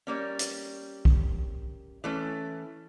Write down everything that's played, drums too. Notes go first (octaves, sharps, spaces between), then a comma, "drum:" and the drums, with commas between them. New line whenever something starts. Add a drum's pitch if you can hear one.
G3 A#3 C#4
drum: hi-hat
drum: kick
E3 A3 C#4